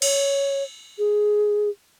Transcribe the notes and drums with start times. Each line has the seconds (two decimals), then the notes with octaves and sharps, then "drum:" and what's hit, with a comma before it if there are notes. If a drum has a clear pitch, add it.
0.02 C#5, drum: cymbal
0.99 G#4